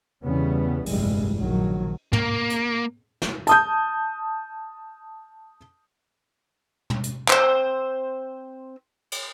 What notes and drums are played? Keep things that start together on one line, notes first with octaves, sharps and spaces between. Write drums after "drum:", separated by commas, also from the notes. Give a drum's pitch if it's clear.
E2 C#3 E3 G3 B3 C#4
F1 A#1 G2 E3 G3 G#3, drum: open hi-hat
A#1 D#3 F#3
A#3, drum: tom
drum: hi-hat
drum: snare
A5 D#6 G6, drum: hi-hat
drum: tom
drum: hi-hat
C4 C5, drum: clap
drum: cymbal